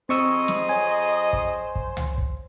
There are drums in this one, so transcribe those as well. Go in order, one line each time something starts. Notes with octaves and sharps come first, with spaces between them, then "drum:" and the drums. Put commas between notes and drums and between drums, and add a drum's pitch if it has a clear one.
F2 C4 G#4 C5 D#5 C#6 E6
drum: snare
C#5 G#5
drum: kick
drum: kick
drum: tom
drum: kick